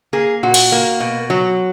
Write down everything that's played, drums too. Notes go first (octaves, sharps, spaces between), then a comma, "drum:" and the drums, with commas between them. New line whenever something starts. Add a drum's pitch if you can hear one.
A#3 G#4
A#2 F#4
drum: cymbal
A#3
B2
F#3